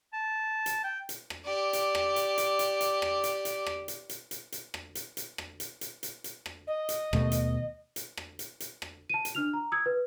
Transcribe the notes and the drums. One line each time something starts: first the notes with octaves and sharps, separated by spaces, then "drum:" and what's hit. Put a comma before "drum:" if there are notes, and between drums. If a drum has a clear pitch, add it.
A5
drum: hi-hat
G5
drum: hi-hat
drum: rim click
G4 D5
drum: hi-hat
drum: rim click
drum: hi-hat
drum: hi-hat
drum: hi-hat
drum: hi-hat
drum: rim click
drum: hi-hat
drum: hi-hat
drum: rim click
drum: hi-hat
drum: hi-hat
drum: hi-hat
drum: hi-hat
drum: rim click
drum: hi-hat
drum: hi-hat
drum: rim click
drum: hi-hat
drum: hi-hat
drum: hi-hat
drum: hi-hat
drum: rim click
D#5
drum: hi-hat
D#2 B2 A3, drum: rim click
drum: hi-hat
drum: hi-hat
drum: rim click
drum: hi-hat
drum: hi-hat
drum: rim click
A5 D#7
drum: hi-hat
D4 F6 F7
A#5
D#6 E6 G#6
B4